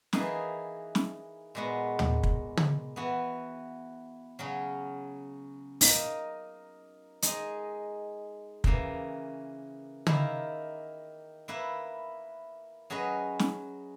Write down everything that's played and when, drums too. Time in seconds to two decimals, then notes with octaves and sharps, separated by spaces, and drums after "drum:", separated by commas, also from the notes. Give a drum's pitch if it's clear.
0.13 E3 A#3 D#4 G#4 B4, drum: snare
0.95 drum: snare
1.55 A#2 G#3 B3 F#4
1.99 drum: tom
2.23 drum: kick
2.57 drum: tom
2.96 E3 B3 F#4
4.39 C#3 F#3 C#4
5.81 A#3 D#4 A#4 D#5, drum: open hi-hat
7.22 G#3 D#4 G#4 D#5, drum: hi-hat
8.64 C#3 E3 A#3, drum: kick
10.07 D#3 A#3 E4, drum: tom
11.48 A#3 E4 B4 E5
12.90 F#3 C#4 G#4 B4 D#5
13.39 drum: snare